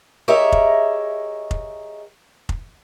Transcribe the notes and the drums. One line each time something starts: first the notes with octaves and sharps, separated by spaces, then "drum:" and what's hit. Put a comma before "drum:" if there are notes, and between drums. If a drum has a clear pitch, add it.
G4 G#4 A#4 C#5 D#5 E5
drum: kick F1
drum: kick F1
drum: kick F1